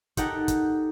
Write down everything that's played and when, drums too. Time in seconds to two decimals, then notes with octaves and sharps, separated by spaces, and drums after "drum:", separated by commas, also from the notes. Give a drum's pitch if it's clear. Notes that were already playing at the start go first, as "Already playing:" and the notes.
0.17 D#4 G4 A4 A#4 F#5, drum: kick, hi-hat
0.48 drum: kick, hi-hat